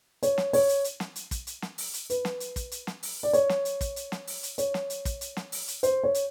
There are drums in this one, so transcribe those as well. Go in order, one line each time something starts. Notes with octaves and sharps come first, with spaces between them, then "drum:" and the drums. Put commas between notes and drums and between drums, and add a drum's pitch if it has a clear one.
C#5, drum: hi-hat
drum: snare
C#5, drum: open hi-hat
drum: hi-hat
drum: hi-hat
drum: snare
drum: hi-hat
drum: kick, hi-hat
drum: hi-hat
drum: snare
drum: open hi-hat
drum: hi-hat
B4, drum: hi-hat
drum: snare
drum: hi-hat
drum: kick, hi-hat
drum: hi-hat
drum: snare
drum: open hi-hat
D5
C#5, drum: hi-hat
drum: snare
drum: hi-hat
drum: kick, hi-hat
drum: hi-hat
drum: snare
drum: open hi-hat
drum: hi-hat
C#5, drum: hi-hat
drum: snare
drum: hi-hat
drum: kick, hi-hat
drum: hi-hat
drum: snare
drum: open hi-hat
drum: hi-hat
C5, drum: hi-hat
C#5
drum: hi-hat